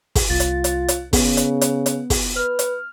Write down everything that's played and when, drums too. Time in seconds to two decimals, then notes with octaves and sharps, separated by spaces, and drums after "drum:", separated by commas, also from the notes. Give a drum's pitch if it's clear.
0.15 drum: kick, open hi-hat
0.29 C2 F4 A6
0.40 drum: hi-hat
0.64 drum: hi-hat
0.88 drum: hi-hat
1.13 C#3 B3, drum: kick, open hi-hat
1.37 drum: hi-hat
1.61 drum: hi-hat
1.86 drum: hi-hat
2.10 drum: kick, open hi-hat
2.36 B4 F6
2.59 drum: hi-hat